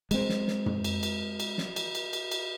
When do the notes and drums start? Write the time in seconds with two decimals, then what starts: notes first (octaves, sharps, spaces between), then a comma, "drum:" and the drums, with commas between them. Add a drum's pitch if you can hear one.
0.11 G#3 C4, drum: cymbal
0.29 drum: snare
0.48 drum: snare
0.66 drum: tom
0.84 drum: cymbal
1.03 drum: cymbal
1.40 drum: cymbal
1.58 drum: snare
1.76 drum: cymbal
1.95 drum: cymbal
2.13 drum: cymbal
2.31 drum: cymbal